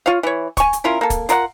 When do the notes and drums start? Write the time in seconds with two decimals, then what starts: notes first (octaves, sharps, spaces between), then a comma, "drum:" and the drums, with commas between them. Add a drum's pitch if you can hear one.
0.06 F4 C#5 F5
0.23 E3 C#5
0.57 G#5 C#6, drum: kick, hi-hat
0.73 drum: hi-hat
0.84 C#4 E4 F4 A#4
1.01 A#3 A4
1.10 drum: kick, hi-hat
1.29 F4 A#4 D5 F#5, drum: hi-hat